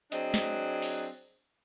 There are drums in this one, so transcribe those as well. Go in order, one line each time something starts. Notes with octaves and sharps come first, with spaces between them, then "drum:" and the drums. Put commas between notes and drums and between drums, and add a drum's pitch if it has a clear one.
F#3 C4 D4 G#4 D#5, drum: hi-hat
drum: snare
drum: open hi-hat